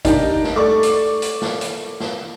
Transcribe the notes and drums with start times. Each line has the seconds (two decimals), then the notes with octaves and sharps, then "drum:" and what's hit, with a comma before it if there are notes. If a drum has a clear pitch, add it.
0.05 D4 D#4 G4 A#4, drum: kick G#1, hi-hat
0.44 drum: snare
0.56 A3 D5 C#6 D6
0.83 drum: hi-hat
1.22 drum: hi-hat
1.42 drum: snare
1.61 drum: hi-hat
2.00 drum: snare